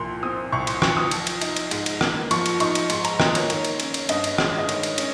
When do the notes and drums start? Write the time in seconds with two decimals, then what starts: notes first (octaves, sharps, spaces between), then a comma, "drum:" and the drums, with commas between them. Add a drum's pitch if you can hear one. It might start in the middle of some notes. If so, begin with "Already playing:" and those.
Already playing: C2 A#2 F3 C6
0.23 C4 D#6
0.52 C2 C#6
0.67 C6, drum: cymbal
0.82 F3 C#6, drum: rim click
0.97 D#6
1.11 F3, drum: cymbal
1.27 drum: cymbal
1.42 D#4, drum: cymbal
1.57 drum: cymbal
1.71 G#2, drum: cymbal
1.86 drum: cymbal
2.01 A#3, drum: rim click
2.31 F3 C#6, drum: cymbal
2.46 drum: cymbal
2.60 D#4 C#6, drum: cymbal
2.75 drum: cymbal
2.90 G#2 C6, drum: cymbal
3.05 A#5, drum: cymbal
3.20 A#3 D#5, drum: rim click
3.35 C#5, drum: cymbal
3.50 D#3 C#5, drum: cymbal
3.65 drum: cymbal
3.80 C#4, drum: cymbal
3.94 drum: cymbal
4.09 G2 D#5, drum: cymbal
4.24 drum: cymbal
4.38 G#3, drum: rim click
4.58 D#5
4.69 D#3 C#5, drum: cymbal
4.83 drum: cymbal
4.98 C#4, drum: cymbal